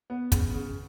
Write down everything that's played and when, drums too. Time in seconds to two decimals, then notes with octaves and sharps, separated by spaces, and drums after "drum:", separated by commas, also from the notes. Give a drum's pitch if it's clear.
0.10 B3
0.32 C#3, drum: kick, hi-hat
0.54 C#3